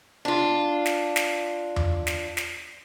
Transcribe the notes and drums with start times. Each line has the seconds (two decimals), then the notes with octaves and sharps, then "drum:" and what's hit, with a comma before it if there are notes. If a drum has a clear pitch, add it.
0.25 D4 F4
0.86 drum: snare
1.16 drum: snare
1.76 drum: tom E2
2.07 drum: snare
2.37 drum: snare